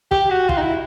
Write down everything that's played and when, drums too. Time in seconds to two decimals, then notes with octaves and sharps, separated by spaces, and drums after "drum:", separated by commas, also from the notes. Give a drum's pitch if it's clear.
0.11 G4, drum: kick
0.30 F#4
0.49 F4, drum: kick
0.58 D#4
0.62 E4